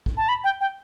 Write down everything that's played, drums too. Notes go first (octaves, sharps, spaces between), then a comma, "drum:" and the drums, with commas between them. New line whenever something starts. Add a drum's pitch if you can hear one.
drum: kick
A5
B5
G5
G5